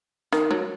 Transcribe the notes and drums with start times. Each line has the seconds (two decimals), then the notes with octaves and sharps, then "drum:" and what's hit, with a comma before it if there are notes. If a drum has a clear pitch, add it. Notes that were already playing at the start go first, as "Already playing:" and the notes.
0.33 D#3, drum: snare
0.51 F#3, drum: tom